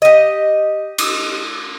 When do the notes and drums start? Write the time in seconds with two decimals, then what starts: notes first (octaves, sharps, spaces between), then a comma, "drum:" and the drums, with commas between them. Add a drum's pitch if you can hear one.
0.02 G4 D#5
0.98 drum: cymbal